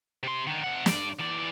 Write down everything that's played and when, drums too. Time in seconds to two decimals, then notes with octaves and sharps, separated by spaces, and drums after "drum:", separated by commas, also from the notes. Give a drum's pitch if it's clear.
0.23 C3 C6
0.47 D3 D#3
0.64 C3 F#5
0.86 G2 D5, drum: snare
1.20 E3 D5